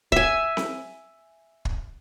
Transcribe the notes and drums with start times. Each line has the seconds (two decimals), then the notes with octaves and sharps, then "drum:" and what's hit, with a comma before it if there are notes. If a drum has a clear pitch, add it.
0.12 E5 G#5, drum: kick
0.57 drum: snare C4
1.65 drum: kick